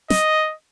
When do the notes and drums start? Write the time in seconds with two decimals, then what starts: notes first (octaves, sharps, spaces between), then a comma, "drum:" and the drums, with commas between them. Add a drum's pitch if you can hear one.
0.10 D#5, drum: snare